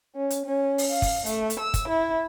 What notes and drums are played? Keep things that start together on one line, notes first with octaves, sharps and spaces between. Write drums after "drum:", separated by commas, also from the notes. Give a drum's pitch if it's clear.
C#4
drum: hi-hat
C#4
drum: open hi-hat
F5
drum: kick, open hi-hat
A3, drum: hi-hat
drum: hi-hat
E6
drum: kick, hi-hat
E4